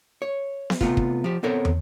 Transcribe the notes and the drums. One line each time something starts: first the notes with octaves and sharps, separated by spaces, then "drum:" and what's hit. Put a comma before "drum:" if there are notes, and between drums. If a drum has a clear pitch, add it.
C#5
drum: snare B3
C3 A3 B3 F4, drum: kick
drum: kick
F3 G4
B3 C4 A4 A#4 C#5
drum: tom